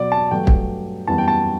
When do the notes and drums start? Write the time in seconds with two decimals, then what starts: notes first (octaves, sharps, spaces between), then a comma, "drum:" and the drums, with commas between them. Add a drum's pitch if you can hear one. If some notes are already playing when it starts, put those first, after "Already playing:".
Already playing: B2 F#3 B3 D5
0.12 A5
0.31 G2 F#3 A3 G5
0.47 drum: kick
1.08 F#2 E3 G3 B3 A5
1.18 G5
1.28 A5